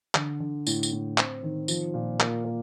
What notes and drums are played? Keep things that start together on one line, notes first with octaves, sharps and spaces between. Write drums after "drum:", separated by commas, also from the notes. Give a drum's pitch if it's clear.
D3, drum: clap
D3
A2, drum: tambourine
drum: tambourine
A2
C4, drum: clap
D#3
F3, drum: tambourine
A#2
A#3, drum: clap
A#3